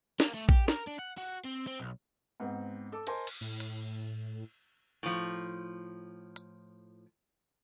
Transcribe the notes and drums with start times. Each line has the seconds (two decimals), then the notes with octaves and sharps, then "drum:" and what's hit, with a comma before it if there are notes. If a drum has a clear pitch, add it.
0.20 A#3, drum: snare
0.34 A3
0.49 G4, drum: kick A#1
0.68 A#4, drum: snare
0.87 D4
0.99 F#5
1.18 F#4
1.45 C4
1.67 C4
1.80 B1
2.40 G#2 B3 C4
2.92 A4 D6 E6
3.07 A#4 C5 D#5 G#5 A5 C6, drum: cymbal
3.27 drum: cymbal
3.41 A2
3.60 drum: hi-hat
5.03 A2 F3
6.36 drum: hi-hat